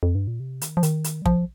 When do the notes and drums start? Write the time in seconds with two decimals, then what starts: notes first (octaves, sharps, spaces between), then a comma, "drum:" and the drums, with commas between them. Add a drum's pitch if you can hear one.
0.03 F2
0.15 G2
0.27 A#2
0.40 C3
0.62 D#3, drum: hi-hat
0.77 F3
0.83 D#3, drum: hi-hat
1.04 drum: hi-hat
1.22 G3
1.26 F3, drum: kick